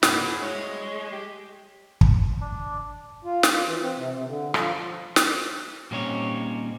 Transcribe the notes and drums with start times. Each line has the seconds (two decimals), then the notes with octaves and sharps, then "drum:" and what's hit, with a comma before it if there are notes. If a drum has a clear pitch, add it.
0.03 A#3 E4 F#4, drum: snare
0.27 G#4
0.41 G#3 C#5
1.12 G4
2.01 drum: kick
2.41 D4
3.25 F4
3.43 drum: snare
3.53 F4
3.66 E3
3.82 C4
3.96 C3
4.14 C3
4.27 D3
4.54 F3, drum: rim click
5.16 drum: snare
5.91 A#2 G3 C4 C#4 D#4 C#5